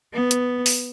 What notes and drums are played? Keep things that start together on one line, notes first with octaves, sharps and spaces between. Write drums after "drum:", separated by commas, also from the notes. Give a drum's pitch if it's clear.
B3
drum: hi-hat
drum: open hi-hat